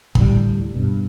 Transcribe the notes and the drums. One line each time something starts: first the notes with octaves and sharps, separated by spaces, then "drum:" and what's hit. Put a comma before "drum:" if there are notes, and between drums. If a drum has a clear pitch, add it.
D2 A2 G3, drum: kick
G2 B2